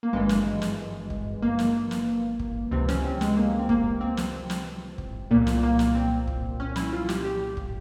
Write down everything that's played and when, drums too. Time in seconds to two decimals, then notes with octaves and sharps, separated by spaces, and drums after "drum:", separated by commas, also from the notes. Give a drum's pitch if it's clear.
0.03 A#3
0.13 G#1 G2 E3 G#3
0.29 drum: snare
0.62 drum: snare
1.10 drum: kick
1.42 A#3
1.59 drum: snare
1.91 drum: snare
2.39 drum: kick
2.71 C#2 C3 E3 C4
2.89 C#4, drum: snare
3.04 C4
3.21 G#3, drum: snare
3.37 A#3
3.59 C4
3.69 A#3, drum: kick
4.01 C4
4.17 drum: snare
4.50 drum: snare
4.98 drum: kick
5.31 C2 A#2 A#3
5.47 drum: snare
5.63 A#3
5.79 drum: snare
5.95 C4
6.27 drum: kick
6.60 C#4
6.76 E4, drum: snare
6.93 F4
7.09 G4, drum: snare
7.24 G4
7.57 drum: kick